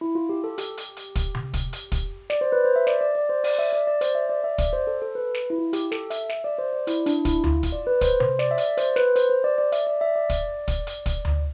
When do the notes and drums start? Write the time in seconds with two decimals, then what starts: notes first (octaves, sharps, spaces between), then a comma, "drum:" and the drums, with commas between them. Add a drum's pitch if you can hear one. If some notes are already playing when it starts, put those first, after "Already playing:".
0.01 E4
0.15 F4
0.29 G4
0.44 A4
0.58 G4, drum: hi-hat
0.77 drum: hi-hat
0.96 drum: hi-hat
1.16 drum: kick, hi-hat
1.35 drum: tom C3
1.54 drum: kick, hi-hat
1.73 drum: hi-hat
1.92 drum: kick, hi-hat
2.30 D5, drum: snare
2.41 C5
2.52 B4
2.65 C5
2.76 E5
2.87 D5, drum: snare
3.01 D5
3.15 D5
3.29 C5
3.44 D5, drum: open hi-hat
3.59 E5
3.73 D5
3.87 D5
4.01 C5, drum: hi-hat
4.15 E5
4.29 D5
4.44 E5
4.58 D5, drum: kick, hi-hat
4.73 C5
4.87 A4
5.02 A4
5.15 B4
5.34 drum: snare
5.50 E4
5.58 F4
5.73 G4, drum: hi-hat
5.92 A4, drum: snare
6.10 E5, drum: hi-hat
6.29 E5, drum: snare
6.44 D5
6.58 C5
6.73 D5
6.87 E4, drum: hi-hat
7.06 D4, drum: hi-hat
7.25 E4, drum: kick, hi-hat
7.44 F4, drum: tom D2
7.63 drum: kick, hi-hat
7.72 D5
7.87 B4
8.01 C5, drum: kick, hi-hat
8.20 C5, drum: tom C3
8.39 D5, drum: snare
8.51 E5
8.58 D5, drum: hi-hat
8.77 C5, drum: hi-hat
8.96 B4, drum: snare
9.16 C5, drum: hi-hat
9.30 C5
9.44 D5
9.58 D5
9.72 E5, drum: hi-hat
9.87 D5
10.01 E5
10.15 D5
10.30 drum: kick, hi-hat
10.68 drum: kick, hi-hat
10.87 drum: hi-hat
11.06 drum: kick, hi-hat
11.25 drum: tom D2